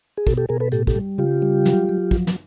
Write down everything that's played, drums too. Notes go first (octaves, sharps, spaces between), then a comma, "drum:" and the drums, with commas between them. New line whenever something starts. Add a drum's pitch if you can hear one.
G#4
B2 G4 A4, drum: kick
G4 A4
B2 G#4 A#4
A4 B4
A2 G4 A4, drum: hi-hat
G4 A4, drum: kick
G3
C#3 F4 G4
G3
F#3, drum: snare
F#3
F3, drum: kick
drum: snare